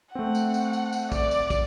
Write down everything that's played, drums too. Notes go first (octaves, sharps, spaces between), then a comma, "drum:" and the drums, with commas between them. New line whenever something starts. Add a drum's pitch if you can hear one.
A3 C4 F#5
drum: tambourine
drum: tambourine
drum: tambourine
drum: tambourine
D5, drum: kick, tambourine
drum: tambourine
drum: kick, tambourine